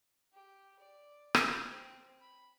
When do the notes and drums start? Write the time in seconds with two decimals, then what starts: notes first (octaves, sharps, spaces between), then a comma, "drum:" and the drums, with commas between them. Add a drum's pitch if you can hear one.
0.32 G4
0.79 D5
1.35 drum: rim click
1.69 C4
2.20 B5